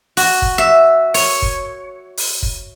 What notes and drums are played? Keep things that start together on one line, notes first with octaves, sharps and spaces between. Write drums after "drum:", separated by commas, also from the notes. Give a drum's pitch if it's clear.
F#4, drum: open hi-hat
drum: kick
E5
C#5, drum: open hi-hat
drum: kick
drum: open hi-hat
drum: kick